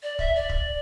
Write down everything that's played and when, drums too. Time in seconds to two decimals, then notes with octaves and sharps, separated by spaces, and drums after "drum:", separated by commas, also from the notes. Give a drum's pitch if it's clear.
0.03 D5
0.19 E5, drum: kick
0.36 D5
0.49 drum: kick